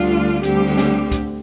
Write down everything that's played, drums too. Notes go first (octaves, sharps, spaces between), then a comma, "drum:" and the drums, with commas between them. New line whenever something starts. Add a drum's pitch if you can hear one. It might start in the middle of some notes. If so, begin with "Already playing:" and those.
Already playing: D2 D3 G3 D4 F4
D2 D3 G3 C4 G4, drum: hi-hat
drum: snare
drum: kick, hi-hat